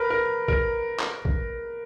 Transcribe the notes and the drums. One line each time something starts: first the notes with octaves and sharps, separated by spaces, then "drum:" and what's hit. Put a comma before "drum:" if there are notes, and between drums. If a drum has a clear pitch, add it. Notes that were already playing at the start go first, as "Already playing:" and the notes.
Already playing: A#4 B4
A#4
A#4, drum: kick
drum: clap
drum: kick